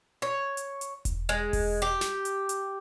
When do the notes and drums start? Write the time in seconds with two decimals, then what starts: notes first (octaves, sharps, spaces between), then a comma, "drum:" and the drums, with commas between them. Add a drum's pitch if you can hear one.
0.22 C#5
0.57 drum: hi-hat
0.81 drum: hi-hat
1.05 drum: kick E1, hi-hat
1.29 G#3
1.53 drum: kick E1, open hi-hat
1.82 G4
2.01 drum: snare
2.25 drum: hi-hat
2.49 drum: hi-hat